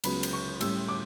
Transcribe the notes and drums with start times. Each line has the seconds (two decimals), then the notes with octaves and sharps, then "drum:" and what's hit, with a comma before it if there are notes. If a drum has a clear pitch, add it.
0.04 C#2 C#3 F#3 B3 B5, drum: cymbal
0.23 drum: cymbal
0.33 C#6
0.61 A2 G3 C#4 E6, drum: cymbal
0.89 D6